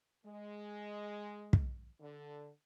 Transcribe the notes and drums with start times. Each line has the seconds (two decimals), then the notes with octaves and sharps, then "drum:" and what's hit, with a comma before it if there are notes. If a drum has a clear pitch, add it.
0.24 G#3
1.53 drum: kick
2.00 D3